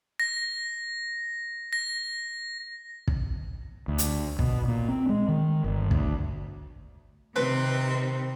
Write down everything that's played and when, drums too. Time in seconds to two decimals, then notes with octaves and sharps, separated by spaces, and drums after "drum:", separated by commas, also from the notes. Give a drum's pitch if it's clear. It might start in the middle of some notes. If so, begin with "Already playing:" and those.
0.20 A#6
1.73 A#6
3.08 drum: kick
3.88 D2
3.98 drum: hi-hat
4.39 B2, drum: kick
4.68 A#2
4.88 C4
5.09 G#3
5.28 D#3
5.64 G1
5.91 D2, drum: kick
7.36 C3 D#3 C4 B4